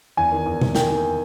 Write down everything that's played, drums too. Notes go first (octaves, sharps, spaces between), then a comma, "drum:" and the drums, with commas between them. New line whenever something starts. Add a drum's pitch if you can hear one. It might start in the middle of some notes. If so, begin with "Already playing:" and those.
E2 G#5
D#3
E2
D#3, drum: tom B2
D#3 G5, drum: snare
D#3